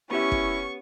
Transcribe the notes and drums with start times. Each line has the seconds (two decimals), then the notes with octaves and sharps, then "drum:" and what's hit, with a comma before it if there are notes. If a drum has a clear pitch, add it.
0.11 B3 C#4 E4 G4 E5 C#6
0.32 drum: kick